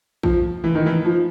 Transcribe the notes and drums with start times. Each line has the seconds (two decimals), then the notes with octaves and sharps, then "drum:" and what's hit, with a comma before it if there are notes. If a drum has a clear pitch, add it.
0.23 F3, drum: kick
0.64 E3
0.75 D#3
0.86 E3
1.05 F3